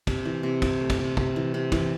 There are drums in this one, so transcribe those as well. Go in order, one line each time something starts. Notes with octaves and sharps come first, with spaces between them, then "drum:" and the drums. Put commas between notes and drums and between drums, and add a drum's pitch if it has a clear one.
C3, drum: kick, cymbal
E3
C3
E3, drum: kick, cymbal
A3
drum: kick, cymbal
C3
C3, drum: kick
E3
C3
E3, drum: kick, cymbal